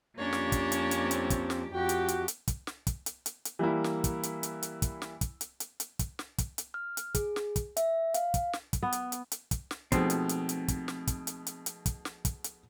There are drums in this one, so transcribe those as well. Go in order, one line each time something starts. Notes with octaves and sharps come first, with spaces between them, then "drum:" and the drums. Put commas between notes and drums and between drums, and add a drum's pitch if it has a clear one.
F2 A#3 C#4 D4 G4 C#5
drum: snare
drum: kick, hi-hat
drum: hi-hat
drum: hi-hat
C4
drum: hi-hat
drum: kick, hi-hat
drum: snare
F2 F#4 G4 G5
drum: hi-hat
drum: hi-hat
drum: hi-hat
drum: kick, hi-hat
drum: snare
drum: kick, hi-hat
drum: hi-hat
drum: hi-hat
drum: hi-hat
E3 G3 A#3 E4
drum: snare
drum: kick, hi-hat
drum: hi-hat
drum: hi-hat
drum: hi-hat
drum: kick, hi-hat
drum: snare
drum: kick, hi-hat
drum: hi-hat
drum: hi-hat
drum: hi-hat
drum: kick, hi-hat
drum: snare
drum: kick, hi-hat
drum: hi-hat
F6
drum: hi-hat
G#4, drum: kick, hi-hat
drum: snare
drum: kick, hi-hat
E5, drum: hi-hat
F5, drum: hi-hat
drum: kick, hi-hat
drum: snare
drum: kick, hi-hat
B3
drum: hi-hat
drum: hi-hat
drum: hi-hat
drum: kick, hi-hat
drum: snare
B2 F3 G#3 A3 C4 D#4, drum: kick, hi-hat
drum: hi-hat
drum: hi-hat
drum: hi-hat
drum: kick, hi-hat
drum: snare
drum: kick, hi-hat
drum: hi-hat
drum: hi-hat
drum: hi-hat
drum: kick, hi-hat
drum: snare
drum: kick, hi-hat
drum: hi-hat